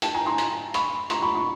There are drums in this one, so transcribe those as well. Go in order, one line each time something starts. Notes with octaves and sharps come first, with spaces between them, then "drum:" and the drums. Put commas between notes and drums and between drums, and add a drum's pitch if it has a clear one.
G5 A5, drum: hi-hat
G#5 A#5
A#5 C6
drum: hi-hat
B5 C#6, drum: hi-hat
A#5 C6, drum: hi-hat
B5 C#6
B5 C#6